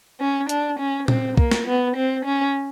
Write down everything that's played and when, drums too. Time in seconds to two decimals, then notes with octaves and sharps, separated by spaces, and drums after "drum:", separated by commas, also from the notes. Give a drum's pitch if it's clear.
0.20 C#4
0.49 D4, drum: hi-hat
0.79 C#4
1.08 C4, drum: tom A#2
1.37 A#3, drum: kick
1.51 drum: snare
1.67 B3
1.96 C4
2.25 C#4